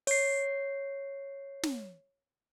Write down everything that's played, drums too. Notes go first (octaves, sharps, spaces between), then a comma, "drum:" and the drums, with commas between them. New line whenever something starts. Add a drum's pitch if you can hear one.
C#5 C7, drum: open hi-hat
drum: snare